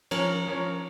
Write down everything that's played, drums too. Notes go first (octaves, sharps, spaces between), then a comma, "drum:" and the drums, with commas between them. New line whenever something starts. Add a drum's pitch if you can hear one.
F3 C#4 A#4 C#5, drum: cymbal
F3 C#4 A#4 C#5